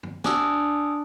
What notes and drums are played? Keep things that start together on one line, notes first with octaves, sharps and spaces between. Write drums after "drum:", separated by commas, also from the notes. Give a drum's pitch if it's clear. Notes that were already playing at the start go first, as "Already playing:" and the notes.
drum: tom
D4 G#5 D#6 E6, drum: snare